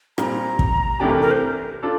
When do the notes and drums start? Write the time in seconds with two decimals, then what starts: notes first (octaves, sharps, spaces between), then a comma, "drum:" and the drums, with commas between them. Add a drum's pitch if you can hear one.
0.18 A#2 G3 C4 A#5, drum: rim click
0.59 drum: kick
1.00 C3 E3 A3 D4 G4 G5
1.10 A#4
1.21 A#4
1.31 C5
1.83 D4 F4 A4